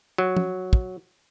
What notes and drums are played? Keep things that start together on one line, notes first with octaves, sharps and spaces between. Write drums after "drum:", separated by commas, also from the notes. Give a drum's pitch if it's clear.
F#3
drum: tom
drum: kick